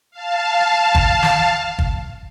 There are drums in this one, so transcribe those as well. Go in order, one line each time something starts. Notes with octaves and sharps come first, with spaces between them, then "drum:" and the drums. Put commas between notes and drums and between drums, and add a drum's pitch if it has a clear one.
F5 A5
drum: kick
drum: snare
drum: kick